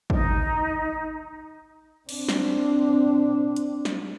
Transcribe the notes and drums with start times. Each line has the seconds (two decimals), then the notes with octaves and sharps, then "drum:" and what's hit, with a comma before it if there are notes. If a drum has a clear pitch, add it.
0.10 D#4, drum: kick
2.09 C4 D4, drum: cymbal
2.29 drum: snare
3.56 drum: hi-hat
3.85 drum: snare